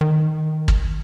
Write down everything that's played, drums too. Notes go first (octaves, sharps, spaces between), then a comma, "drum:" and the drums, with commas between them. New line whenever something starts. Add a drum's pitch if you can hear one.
D#3
drum: kick